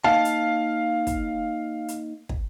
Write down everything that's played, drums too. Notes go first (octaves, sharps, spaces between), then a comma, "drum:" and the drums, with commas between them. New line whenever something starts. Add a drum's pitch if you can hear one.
A#3 D#4 F5 A5
drum: hi-hat
drum: kick, hi-hat
drum: hi-hat
drum: kick